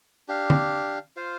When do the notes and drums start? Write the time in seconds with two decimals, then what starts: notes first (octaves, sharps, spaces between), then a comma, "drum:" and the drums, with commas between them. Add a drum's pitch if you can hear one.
0.29 D4 G4 F5
0.50 drum: tom D3
1.17 F4 C5 F5